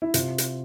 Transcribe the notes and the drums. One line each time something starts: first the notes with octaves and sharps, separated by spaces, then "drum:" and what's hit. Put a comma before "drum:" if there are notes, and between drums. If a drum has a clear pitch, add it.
E4
C3 F4, drum: hi-hat
drum: hi-hat